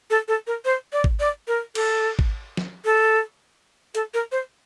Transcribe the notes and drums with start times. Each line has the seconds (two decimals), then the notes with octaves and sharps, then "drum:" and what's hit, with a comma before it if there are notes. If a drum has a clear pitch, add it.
0.10 A4
0.28 A4
0.47 A#4
0.65 C5
0.93 D5
1.04 drum: kick G#1
1.20 D5
1.48 A#4
1.75 A4, drum: cymbal
2.19 drum: kick G#1
2.57 drum: snare
2.85 A4
3.95 A4, drum: hi-hat
4.14 A#4
4.32 C5